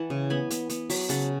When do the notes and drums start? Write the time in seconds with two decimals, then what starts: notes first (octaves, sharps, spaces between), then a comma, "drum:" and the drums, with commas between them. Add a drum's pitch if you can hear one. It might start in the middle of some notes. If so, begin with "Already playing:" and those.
Already playing: E3 F#5 A5
0.10 C#3
0.30 B3 G#5 B5
0.50 B3, drum: hi-hat
0.69 B3, drum: hi-hat
0.90 F#3, drum: open hi-hat
1.09 C#3 F#5 A5, drum: hi-hat